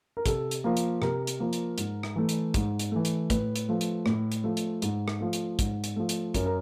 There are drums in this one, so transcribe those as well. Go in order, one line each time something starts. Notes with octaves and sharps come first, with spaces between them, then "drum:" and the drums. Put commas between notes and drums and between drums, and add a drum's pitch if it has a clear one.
A#4
C3 A4, drum: kick, hi-hat
drum: hi-hat
F3 A#3 A#4
drum: hi-hat
C3 A#4, drum: rim click
drum: hi-hat
F3 A#3
drum: hi-hat
G#2, drum: hi-hat
drum: rim click
E3 A3
drum: hi-hat
G#2, drum: kick, hi-hat
drum: hi-hat
E3 A3
drum: hi-hat
A2 B4, drum: kick, hi-hat
drum: hi-hat
F3 A3
drum: hi-hat
A2, drum: rim click
drum: hi-hat
F3 A3
drum: hi-hat
G#2, drum: hi-hat
drum: rim click
F3 A3
drum: hi-hat
G#2, drum: kick, hi-hat
drum: hi-hat
F3 A3
drum: hi-hat
F#2 A#4, drum: kick, hi-hat
A#4